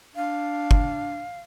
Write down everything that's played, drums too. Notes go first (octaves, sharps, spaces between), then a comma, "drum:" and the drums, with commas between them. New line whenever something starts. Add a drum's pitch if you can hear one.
D4 F5
drum: kick